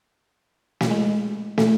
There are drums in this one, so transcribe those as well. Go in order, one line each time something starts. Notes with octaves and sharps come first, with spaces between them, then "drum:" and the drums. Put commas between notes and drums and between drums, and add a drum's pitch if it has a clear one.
drum: snare
G#3
A3, drum: snare